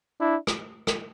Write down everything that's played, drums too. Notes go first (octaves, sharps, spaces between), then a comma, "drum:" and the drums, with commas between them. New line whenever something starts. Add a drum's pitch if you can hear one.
D4 E4
drum: rim click
drum: rim click